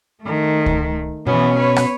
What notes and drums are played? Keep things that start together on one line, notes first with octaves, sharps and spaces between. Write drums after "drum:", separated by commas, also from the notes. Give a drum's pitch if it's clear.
D#3 A3
drum: kick C#2
B2 E3 B3 C#4
B4 C#5
drum: rim click